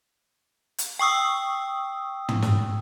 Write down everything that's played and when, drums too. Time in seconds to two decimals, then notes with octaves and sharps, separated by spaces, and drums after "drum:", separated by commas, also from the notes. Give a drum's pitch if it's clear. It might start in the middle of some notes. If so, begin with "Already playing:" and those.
0.78 drum: hi-hat
0.99 G5 C#6 D#6 E6
2.29 drum: tom
2.42 drum: snare